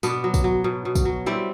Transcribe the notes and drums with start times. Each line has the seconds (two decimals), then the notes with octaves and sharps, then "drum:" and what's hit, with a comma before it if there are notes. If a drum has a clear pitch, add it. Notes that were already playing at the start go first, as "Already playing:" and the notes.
0.03 B2 B3 D4, drum: tambourine
0.24 F#3
0.34 drum: kick, tambourine
0.44 F#3
0.64 B2
0.85 B2
0.95 drum: kick, tambourine
1.05 F#3
1.26 G3 C4 E4